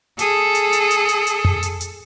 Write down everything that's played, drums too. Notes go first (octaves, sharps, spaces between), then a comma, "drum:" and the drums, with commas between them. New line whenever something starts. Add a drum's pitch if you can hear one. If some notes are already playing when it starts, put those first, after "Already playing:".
G#4 A4, drum: hi-hat
drum: hi-hat
drum: hi-hat
drum: hi-hat
drum: hi-hat
drum: hi-hat
drum: tom F2
drum: hi-hat
drum: hi-hat